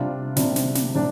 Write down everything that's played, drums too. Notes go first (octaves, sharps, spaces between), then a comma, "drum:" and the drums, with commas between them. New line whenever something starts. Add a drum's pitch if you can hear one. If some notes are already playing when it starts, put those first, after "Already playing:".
Already playing: C3 G3 D4 F4
C3 G3 D4 F4, drum: snare
drum: snare
drum: snare
C3 G3 D4